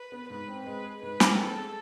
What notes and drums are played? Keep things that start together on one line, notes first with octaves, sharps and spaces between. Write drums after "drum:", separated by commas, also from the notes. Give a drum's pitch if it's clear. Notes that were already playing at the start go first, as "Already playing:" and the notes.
Already playing: B4
B3
G#2 B4
C4
G#3 B4
G#4
G#2 B4
C4, drum: snare
G#3 A4
G#4